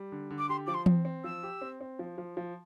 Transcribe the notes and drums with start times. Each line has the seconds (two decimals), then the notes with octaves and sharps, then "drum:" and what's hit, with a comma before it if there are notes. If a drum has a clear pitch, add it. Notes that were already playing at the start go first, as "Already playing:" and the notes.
Already playing: G3
0.12 D3
0.31 D3
0.38 D6
0.49 G4 C6
0.67 F3 D6
0.74 C6
0.86 C4, drum: tom E3
1.05 C4
1.24 F3 E6
1.43 G4
1.61 C4
1.81 C4
1.99 F3
2.18 F3
2.37 F3